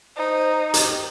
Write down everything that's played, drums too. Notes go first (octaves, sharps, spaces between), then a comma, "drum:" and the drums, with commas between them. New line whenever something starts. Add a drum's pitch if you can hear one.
D#4 C5
G4, drum: hi-hat